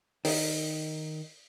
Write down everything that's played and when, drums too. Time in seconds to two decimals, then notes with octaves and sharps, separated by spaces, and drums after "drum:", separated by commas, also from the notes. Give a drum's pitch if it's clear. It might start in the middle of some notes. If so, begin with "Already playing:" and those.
0.25 D#3 D#4, drum: open hi-hat